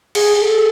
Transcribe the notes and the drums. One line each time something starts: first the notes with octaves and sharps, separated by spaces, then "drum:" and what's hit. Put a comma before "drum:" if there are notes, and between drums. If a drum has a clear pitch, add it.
G#4, drum: cymbal
G#4
A4